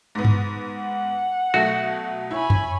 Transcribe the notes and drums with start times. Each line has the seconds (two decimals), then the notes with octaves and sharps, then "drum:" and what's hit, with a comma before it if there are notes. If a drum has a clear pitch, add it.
0.15 G#2 B3
0.25 drum: tom G2
0.75 F#5
1.54 B2 F#3 A3 F#4
2.31 E4 C#5 G#5 B5
2.50 drum: tom F2